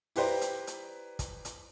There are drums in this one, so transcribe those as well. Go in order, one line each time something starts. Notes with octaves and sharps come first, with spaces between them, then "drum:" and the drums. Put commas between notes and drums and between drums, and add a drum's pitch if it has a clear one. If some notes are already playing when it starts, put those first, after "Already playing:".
E4 G4 B4 C5 D5 A#5, drum: open hi-hat
drum: hi-hat
drum: hi-hat
drum: kick, hi-hat
drum: hi-hat